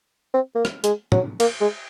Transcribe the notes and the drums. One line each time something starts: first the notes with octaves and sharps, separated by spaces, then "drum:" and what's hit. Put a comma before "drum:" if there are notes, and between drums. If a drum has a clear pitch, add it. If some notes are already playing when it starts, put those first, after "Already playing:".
C4
A#3
drum: rim click
G#3, drum: hi-hat
F#3, drum: tom A2
A#3, drum: cymbal
G#3